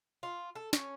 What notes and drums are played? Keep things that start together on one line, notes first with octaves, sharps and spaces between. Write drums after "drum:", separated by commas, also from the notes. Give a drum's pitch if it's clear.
F4
A4
C#4, drum: snare